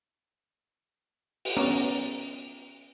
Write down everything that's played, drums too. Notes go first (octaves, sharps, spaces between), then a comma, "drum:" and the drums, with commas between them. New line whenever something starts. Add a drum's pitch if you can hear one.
drum: open hi-hat
B3 C#4 D5 A#5